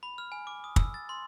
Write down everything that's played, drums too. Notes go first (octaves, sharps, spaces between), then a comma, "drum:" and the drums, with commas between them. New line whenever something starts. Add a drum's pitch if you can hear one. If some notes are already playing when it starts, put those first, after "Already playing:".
B5
F6
G#5
D6
D#6
E6, drum: kick
A6
C6